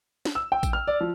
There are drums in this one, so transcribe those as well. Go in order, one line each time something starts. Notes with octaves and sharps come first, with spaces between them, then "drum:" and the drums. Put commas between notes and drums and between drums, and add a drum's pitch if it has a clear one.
drum: snare
E6
G5
drum: kick A1, tambourine
F6
D5
F3